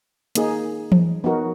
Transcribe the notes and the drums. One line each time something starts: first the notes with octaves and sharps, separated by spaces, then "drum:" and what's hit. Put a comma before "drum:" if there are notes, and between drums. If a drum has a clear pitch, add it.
A#3 D#4 G#4, drum: hi-hat
drum: tom E3
B3 D#4 F#4 A#4